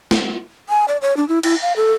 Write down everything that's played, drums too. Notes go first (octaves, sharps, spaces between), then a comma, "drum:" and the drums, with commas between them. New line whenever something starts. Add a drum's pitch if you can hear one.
drum: snare
G#5
D5
C#5
D4
E4
E4, drum: cymbal
F5
A4